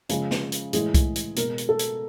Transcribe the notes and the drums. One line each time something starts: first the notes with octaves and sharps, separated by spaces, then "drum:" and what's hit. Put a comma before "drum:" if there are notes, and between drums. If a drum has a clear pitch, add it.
C#3 F3 G#3, drum: hi-hat
drum: snare
drum: hi-hat
A2 E3 G#3 G#4, drum: hi-hat
drum: kick C2, hi-hat
drum: hi-hat
B2 G#3 A#4, drum: hi-hat
drum: hi-hat
A4
drum: hi-hat